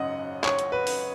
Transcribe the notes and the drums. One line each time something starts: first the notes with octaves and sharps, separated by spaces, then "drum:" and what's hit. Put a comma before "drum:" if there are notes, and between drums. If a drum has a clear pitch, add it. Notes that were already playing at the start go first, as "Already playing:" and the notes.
Already playing: G#1 F#2 C#3 D#5 F#5
C#5, drum: clap
drum: hi-hat
B4
drum: open hi-hat